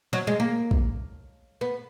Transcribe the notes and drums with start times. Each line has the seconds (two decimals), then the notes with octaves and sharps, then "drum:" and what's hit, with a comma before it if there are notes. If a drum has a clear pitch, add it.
0.13 F#3
0.27 G#3
0.40 A#3
0.71 drum: kick
1.61 B3